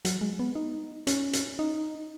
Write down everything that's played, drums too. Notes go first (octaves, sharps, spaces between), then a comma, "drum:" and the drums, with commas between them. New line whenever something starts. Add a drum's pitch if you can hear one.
F#3, drum: hi-hat
G#3
B3
D#4
C#4, drum: hi-hat
drum: hi-hat
D#4